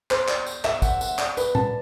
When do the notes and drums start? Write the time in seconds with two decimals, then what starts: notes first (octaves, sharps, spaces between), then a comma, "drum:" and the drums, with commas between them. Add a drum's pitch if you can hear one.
0.11 C5, drum: clap
0.28 D5, drum: clap
0.47 drum: tambourine
0.64 E5, drum: clap
0.82 F#5, drum: kick, tambourine
1.01 F#5, drum: tambourine
1.18 D5, drum: clap
1.37 B4, drum: tambourine
1.55 A5, drum: tom A#2